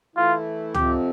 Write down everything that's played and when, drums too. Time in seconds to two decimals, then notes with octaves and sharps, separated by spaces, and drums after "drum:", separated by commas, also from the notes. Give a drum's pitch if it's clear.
0.16 E3 A3 E4 F4
0.74 F2 C3 F3 C4 G4, drum: tom